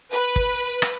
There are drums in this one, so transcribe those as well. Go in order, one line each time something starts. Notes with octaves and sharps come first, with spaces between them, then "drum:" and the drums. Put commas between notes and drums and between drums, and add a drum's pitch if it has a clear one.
B4
drum: kick
drum: rim click